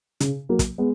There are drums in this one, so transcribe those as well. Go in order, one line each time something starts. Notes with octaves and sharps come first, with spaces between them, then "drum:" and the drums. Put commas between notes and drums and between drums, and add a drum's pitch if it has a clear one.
C#3, drum: hi-hat
F#3 A#3
drum: kick, hi-hat
G#3 B3